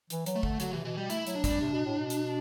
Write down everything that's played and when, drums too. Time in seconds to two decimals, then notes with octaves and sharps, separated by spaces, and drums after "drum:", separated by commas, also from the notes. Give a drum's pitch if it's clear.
0.10 E3, drum: hi-hat
0.26 F#3, drum: hi-hat
0.36 A3
0.43 D3, drum: kick
0.60 D3 F#3, drum: hi-hat
0.72 C3 E3
0.85 B2 E3
0.97 B2 G3
1.10 A3 E4, drum: hi-hat
1.27 F#3, drum: hi-hat
1.35 D4
1.44 G3, drum: kick, hi-hat
1.61 C3
1.73 B2
1.85 A2
1.98 B2
2.10 drum: hi-hat